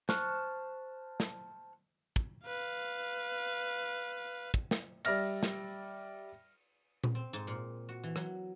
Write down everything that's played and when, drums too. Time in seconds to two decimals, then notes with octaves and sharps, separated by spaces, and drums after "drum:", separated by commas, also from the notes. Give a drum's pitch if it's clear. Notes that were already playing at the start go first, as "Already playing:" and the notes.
0.09 C5 A5 C#6 F6 F#6, drum: snare
1.20 drum: snare
2.16 drum: kick
2.46 B4 F5
4.54 drum: kick
4.71 drum: snare
5.05 G3 D5 E5 F6 A#6, drum: cymbal
5.43 drum: snare
7.04 drum: tom A#2
7.15 C4
7.33 G#2, drum: hi-hat
7.47 A#2
7.89 F#4
8.03 E3
8.16 F#3, drum: rim click